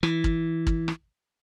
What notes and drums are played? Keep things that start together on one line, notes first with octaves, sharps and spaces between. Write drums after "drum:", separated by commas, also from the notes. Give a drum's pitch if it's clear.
E3, drum: rim click
drum: kick
drum: kick
drum: rim click